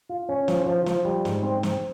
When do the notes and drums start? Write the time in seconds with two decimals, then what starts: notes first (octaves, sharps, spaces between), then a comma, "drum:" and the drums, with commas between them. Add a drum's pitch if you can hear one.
0.09 F4
0.29 C#4
0.48 F3, drum: snare
0.66 F3
0.86 F3, drum: snare
1.05 G3
1.25 G#2, drum: snare
1.43 C4
1.63 C4, drum: snare